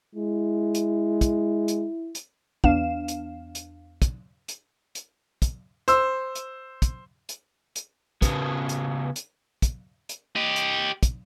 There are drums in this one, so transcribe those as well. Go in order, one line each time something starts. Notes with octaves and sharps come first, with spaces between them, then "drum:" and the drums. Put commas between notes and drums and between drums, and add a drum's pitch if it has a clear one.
G#3 E4
drum: hi-hat
drum: kick, hi-hat
drum: hi-hat
drum: hi-hat
E2 B3 D4 F5 E7, drum: kick
drum: hi-hat
drum: hi-hat
drum: kick, hi-hat
drum: hi-hat
drum: hi-hat
drum: kick, hi-hat
C5 E6, drum: hi-hat
drum: hi-hat
drum: kick, hi-hat
drum: hi-hat
drum: hi-hat
C#3 B3, drum: kick, hi-hat
drum: hi-hat
drum: hi-hat
drum: kick, hi-hat
drum: hi-hat
G4 D#5
drum: hi-hat
drum: kick, hi-hat